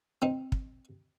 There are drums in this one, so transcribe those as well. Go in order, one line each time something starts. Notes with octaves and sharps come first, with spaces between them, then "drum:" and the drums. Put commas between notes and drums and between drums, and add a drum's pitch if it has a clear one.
C4 D#4
drum: kick